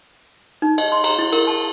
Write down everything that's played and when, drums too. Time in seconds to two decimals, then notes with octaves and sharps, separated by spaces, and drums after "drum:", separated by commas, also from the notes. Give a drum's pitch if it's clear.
0.62 D#4
0.78 D#5, drum: cymbal
0.92 C6
1.04 A#5, drum: cymbal
1.19 E4
1.32 A#4, drum: cymbal
1.47 A5